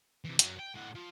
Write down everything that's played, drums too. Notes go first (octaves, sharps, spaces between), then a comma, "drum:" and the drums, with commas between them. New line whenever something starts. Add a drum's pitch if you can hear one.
C3 E3
F#2 F#3, drum: hi-hat
G5
A2 F#5
F3